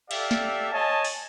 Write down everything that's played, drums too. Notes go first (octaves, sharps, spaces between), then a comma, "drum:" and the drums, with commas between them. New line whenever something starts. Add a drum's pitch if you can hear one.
G4 A4 D5 E5 F5, drum: cymbal
drum: snare
C#5 D#5 G#5 A5
drum: open hi-hat